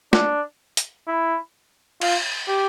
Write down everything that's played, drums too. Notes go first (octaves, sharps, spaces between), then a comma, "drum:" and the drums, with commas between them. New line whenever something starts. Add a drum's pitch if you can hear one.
D4, drum: snare
drum: hi-hat
E4
F4, drum: cymbal
G4